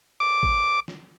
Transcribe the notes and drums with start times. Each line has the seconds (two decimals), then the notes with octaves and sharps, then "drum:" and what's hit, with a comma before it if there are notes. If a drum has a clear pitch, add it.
0.20 D6
0.43 drum: kick
0.88 drum: snare